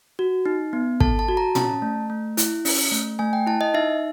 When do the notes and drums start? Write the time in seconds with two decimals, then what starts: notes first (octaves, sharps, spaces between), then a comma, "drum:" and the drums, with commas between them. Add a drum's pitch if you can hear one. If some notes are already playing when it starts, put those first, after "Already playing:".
0.19 F#4
0.46 D#4
0.73 B3
1.00 A4 A5, drum: kick
1.19 A5
1.28 F#4
1.37 A#5
1.55 C#4 A5, drum: tom
1.82 A3
2.10 A3
2.37 E4, drum: hi-hat
2.65 C#4, drum: open hi-hat
2.92 A3
3.19 A3 G#5
3.33 G5
3.47 E4 A5
3.61 D#5
3.74 D#4 E5